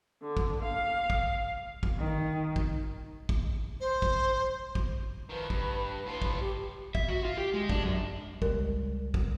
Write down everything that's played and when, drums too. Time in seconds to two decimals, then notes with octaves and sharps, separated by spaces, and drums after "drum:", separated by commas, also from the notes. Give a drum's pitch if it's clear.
0.22 D3
0.37 drum: kick
0.62 F5
1.10 drum: kick
1.83 drum: kick
1.98 D#3
2.56 drum: kick
3.29 drum: kick
3.80 C5
4.02 drum: kick
4.75 drum: kick
5.29 D#3 F3 B4
5.50 G2, drum: kick
6.06 A2 F4
6.22 drum: kick
6.40 G4
6.95 E5, drum: kick
7.09 F#4
7.25 F4
7.38 G4
7.54 G#3
7.69 D4, drum: kick
7.83 F#2
8.42 C#2 G3 A#4, drum: kick
9.14 drum: kick